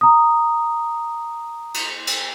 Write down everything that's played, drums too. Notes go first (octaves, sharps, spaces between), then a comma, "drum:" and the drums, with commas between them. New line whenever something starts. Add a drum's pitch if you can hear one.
A#5 D#6
drum: cymbal
drum: cymbal